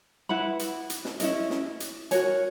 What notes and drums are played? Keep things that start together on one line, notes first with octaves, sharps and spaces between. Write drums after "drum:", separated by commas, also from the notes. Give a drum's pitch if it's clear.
E4 B4 F#5 B5
drum: hi-hat
drum: hi-hat
drum: snare
C#4 E4 A#4 D#5, drum: hi-hat
drum: snare
drum: hi-hat
F#4 A#4 C#5 G#5, drum: hi-hat